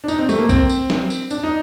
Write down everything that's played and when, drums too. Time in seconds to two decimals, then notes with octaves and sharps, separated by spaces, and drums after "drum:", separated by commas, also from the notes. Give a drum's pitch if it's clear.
0.04 D4
0.08 D#4, drum: tambourine
0.19 C4
0.29 A3, drum: tambourine
0.38 A#3
0.49 C4, drum: kick, tambourine
0.70 drum: tambourine
0.90 drum: snare
1.10 drum: tambourine
1.31 D4, drum: tambourine
1.43 D#4